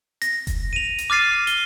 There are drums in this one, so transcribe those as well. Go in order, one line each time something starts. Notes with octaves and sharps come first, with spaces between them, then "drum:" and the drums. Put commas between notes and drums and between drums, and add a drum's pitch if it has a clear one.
A#6, drum: hi-hat
drum: kick F1, hi-hat
D#7 F7
drum: hi-hat
D6 F6 A6 C7 D#7
G7, drum: hi-hat